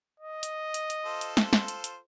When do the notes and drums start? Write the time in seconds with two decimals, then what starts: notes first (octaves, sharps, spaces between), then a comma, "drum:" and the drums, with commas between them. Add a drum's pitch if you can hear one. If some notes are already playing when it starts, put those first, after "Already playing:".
0.20 D#5
0.43 drum: hi-hat
0.74 drum: hi-hat
0.90 drum: hi-hat
1.06 F4 A4 C5
1.21 drum: hi-hat
1.37 drum: snare
1.53 drum: snare
1.68 drum: hi-hat
1.84 drum: hi-hat